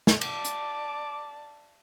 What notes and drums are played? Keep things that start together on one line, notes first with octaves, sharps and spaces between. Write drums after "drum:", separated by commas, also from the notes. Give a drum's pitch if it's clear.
drum: snare
D5 A5 D6, drum: cymbal
drum: hi-hat